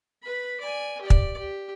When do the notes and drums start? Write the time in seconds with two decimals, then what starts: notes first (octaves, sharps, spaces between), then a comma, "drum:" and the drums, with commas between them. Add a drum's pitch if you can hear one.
0.23 B4 B5
0.61 D5 G#5
1.01 G4 D5
1.10 drum: kick
1.38 G4